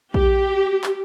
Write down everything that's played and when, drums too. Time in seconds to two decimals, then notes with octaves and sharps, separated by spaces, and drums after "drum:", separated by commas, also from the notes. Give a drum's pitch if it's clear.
0.14 G4, drum: kick A#1
0.84 drum: clap